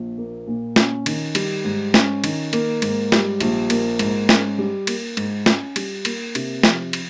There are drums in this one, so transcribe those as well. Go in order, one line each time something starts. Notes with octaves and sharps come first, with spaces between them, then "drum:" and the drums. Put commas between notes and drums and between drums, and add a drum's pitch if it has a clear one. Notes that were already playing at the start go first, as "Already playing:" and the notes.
Already playing: A#1
A#3
A#2
C#4, drum: snare
D#3, drum: cymbal
G3, drum: cymbal
G#2
C#4, drum: snare
D#3, drum: cymbal
A#3, drum: cymbal
G#2, drum: cymbal
G3, drum: snare
A#1, drum: cymbal
A#3, drum: cymbal
G#2, drum: cymbal
C#4, drum: snare
G3
A#3, drum: cymbal
G#2, drum: cymbal
C#4, drum: snare
G3, drum: cymbal
A#3, drum: cymbal
C3, drum: cymbal
F3, drum: snare
drum: cymbal